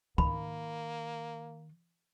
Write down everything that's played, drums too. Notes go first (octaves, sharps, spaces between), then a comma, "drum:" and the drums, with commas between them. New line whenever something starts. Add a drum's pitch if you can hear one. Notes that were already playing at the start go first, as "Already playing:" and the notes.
D#3 A#3 B5, drum: kick